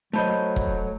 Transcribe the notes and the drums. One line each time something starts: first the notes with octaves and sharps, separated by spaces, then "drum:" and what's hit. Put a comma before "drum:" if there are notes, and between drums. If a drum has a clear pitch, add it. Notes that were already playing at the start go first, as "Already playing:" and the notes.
F#3 A3 C5 D#5 A5 B5 G6
drum: kick E1